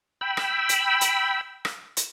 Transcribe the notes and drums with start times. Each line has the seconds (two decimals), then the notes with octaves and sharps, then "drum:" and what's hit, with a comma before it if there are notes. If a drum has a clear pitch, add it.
0.21 G5 B5 E6
0.37 drum: rim click
0.69 drum: hi-hat
1.01 drum: hi-hat
1.65 drum: rim click
1.97 drum: hi-hat